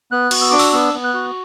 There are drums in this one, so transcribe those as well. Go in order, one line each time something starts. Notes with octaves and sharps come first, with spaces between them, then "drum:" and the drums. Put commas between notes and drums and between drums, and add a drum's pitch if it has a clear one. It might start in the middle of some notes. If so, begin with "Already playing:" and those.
B3 F#6
F#4, drum: cymbal
E6
D4 D6
E6, drum: open hi-hat
B3 E6
B3
F#6
F#4